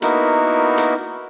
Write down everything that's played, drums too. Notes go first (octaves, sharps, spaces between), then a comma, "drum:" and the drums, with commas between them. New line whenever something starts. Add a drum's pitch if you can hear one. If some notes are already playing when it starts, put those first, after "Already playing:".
A#3 B3 D#4 E4 F#4 A#4, drum: hi-hat
drum: hi-hat